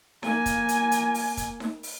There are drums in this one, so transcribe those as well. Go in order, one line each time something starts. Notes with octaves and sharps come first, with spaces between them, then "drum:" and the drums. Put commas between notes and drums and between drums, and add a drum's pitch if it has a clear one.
A#3 G#5, drum: snare D#4
drum: kick, hi-hat
drum: hi-hat
drum: hi-hat
drum: open hi-hat
drum: kick, hi-hat
drum: snare D#4
drum: open hi-hat